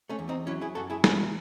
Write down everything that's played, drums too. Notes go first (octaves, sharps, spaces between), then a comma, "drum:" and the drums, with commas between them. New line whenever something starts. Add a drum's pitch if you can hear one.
A3 C#4
E2
C4 D#4
F#3 C#4 E4
E4 G#4
F#2 F#4 A4
E4 G#4
E2 C#4 E4, drum: snare